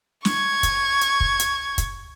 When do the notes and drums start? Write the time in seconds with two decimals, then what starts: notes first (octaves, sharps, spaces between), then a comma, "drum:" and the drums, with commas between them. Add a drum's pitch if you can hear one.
0.25 C#6 G#6, drum: snare
0.63 drum: kick, hi-hat
1.01 drum: hi-hat
1.20 drum: kick
1.40 drum: hi-hat
1.78 drum: kick, hi-hat